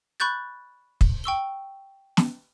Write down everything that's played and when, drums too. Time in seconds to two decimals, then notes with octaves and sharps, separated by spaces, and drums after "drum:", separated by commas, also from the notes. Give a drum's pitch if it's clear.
0.20 B5 C#6 F#6 G6 A6
1.01 drum: kick
1.24 G5 C#6 E6 G7
2.17 drum: snare